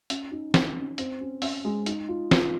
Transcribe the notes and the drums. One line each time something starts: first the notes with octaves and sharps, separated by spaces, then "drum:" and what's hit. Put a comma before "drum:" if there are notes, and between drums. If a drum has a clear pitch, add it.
C#4, drum: hi-hat
D#4
drum: snare
C#4
C4, drum: hi-hat
C#4
C#4, drum: open hi-hat
G#3
D#4, drum: hi-hat
F4
F4, drum: snare